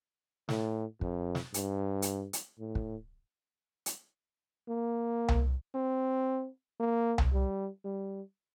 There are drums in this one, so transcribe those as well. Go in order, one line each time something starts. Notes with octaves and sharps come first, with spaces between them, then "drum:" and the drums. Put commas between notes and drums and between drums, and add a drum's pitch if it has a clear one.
A2, drum: snare
F2, drum: kick
drum: snare
G2, drum: hi-hat
drum: hi-hat
drum: hi-hat
A2
drum: kick
drum: hi-hat
A#3
drum: tom C2
C4
A#3
drum: tom C2
G3
G3